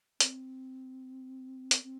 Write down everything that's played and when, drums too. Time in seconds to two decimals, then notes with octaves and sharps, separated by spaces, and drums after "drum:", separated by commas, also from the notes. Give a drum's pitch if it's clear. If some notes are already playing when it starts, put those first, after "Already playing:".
0.20 C4, drum: hi-hat
1.71 drum: hi-hat
1.84 C4